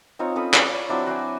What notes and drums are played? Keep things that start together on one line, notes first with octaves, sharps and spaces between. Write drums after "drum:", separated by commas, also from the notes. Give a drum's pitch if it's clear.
C4 D#4 F4 C#5
C#4 A4 B5 D#6
D5, drum: clap
C#5
F#3 C4 D4 E4
F#4 C5 D5 G#5